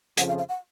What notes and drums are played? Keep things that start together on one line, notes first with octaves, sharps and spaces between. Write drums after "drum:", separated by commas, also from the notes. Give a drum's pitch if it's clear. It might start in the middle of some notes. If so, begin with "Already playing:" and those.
F2 C#3 F3 F#5, drum: hi-hat
F5
F5
F#5